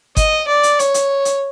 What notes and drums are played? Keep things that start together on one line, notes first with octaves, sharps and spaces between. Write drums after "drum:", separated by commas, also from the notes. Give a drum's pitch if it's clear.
D#5, drum: kick G1, hi-hat
D5
drum: hi-hat
C#5, drum: hi-hat
drum: hi-hat
drum: hi-hat